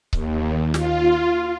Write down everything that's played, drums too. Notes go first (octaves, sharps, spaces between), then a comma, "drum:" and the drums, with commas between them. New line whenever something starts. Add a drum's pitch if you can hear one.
D#2, drum: kick C#1
F4, drum: snare